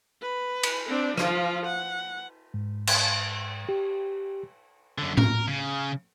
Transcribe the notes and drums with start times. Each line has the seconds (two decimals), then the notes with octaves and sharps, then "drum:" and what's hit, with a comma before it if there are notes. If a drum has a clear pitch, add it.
0.22 B4
0.63 drum: cymbal
0.87 C4 D4
1.18 F3 F4, drum: rim click
1.66 F#5
2.54 G#2
2.87 drum: cymbal
3.69 G4
4.98 F#2 D3
5.17 A#4, drum: tom A2
5.48 C#3